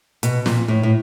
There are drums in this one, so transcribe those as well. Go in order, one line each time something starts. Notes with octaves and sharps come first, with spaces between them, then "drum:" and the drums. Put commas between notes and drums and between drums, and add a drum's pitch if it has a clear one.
B2, drum: hi-hat
A#2, drum: snare
A2
A2